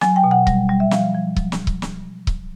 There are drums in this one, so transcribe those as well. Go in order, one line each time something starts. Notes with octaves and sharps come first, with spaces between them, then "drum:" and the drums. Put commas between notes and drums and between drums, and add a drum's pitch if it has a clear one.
F#3 G#5, drum: snare
G5
B2
F#5
G3, drum: kick C#1
G3
E5
F3 F5, drum: snare
F3
F#3, drum: kick C#1
drum: snare
drum: kick C#1
drum: snare
drum: kick C#1